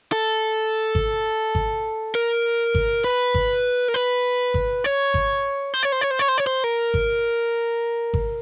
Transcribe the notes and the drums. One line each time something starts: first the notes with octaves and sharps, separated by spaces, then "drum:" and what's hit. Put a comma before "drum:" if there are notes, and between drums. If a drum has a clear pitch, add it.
A4
drum: kick G#1
drum: kick G#1
A#4
drum: kick G#1
B4
drum: kick G#1
A#4
B4
drum: kick G#1
C#5
drum: kick G#1
C5
C#5
C5
C#5
C5
C#5
C5
C#5
C5
A#4
drum: kick G#1
drum: kick G#1